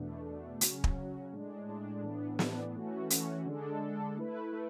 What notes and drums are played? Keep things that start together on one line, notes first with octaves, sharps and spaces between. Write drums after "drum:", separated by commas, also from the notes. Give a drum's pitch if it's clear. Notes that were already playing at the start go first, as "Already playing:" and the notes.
Already playing: E2 B2 A3 D4
E2 B2 A3 D4
C#3 F#3 C#4 F#4, drum: hi-hat
drum: kick
C#3 F#3 C#4 F#4
A2 G#3 D4
A2 G#3 D4
A2 E3 B3 D4
A2 E3 B3 D4, drum: snare
E3 A3 C#4 F#4
E3 A3 C#4 F#4, drum: hi-hat
D3 G#3 D4 A4
D3 G#3 D4 A4
A3 E4 B4
A3 E4